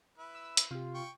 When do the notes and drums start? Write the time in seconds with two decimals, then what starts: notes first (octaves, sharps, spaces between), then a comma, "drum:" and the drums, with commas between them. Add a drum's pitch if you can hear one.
0.18 E4 B4
0.35 E6
0.57 drum: hi-hat
0.71 C3 F4 G4
0.94 G5 C#6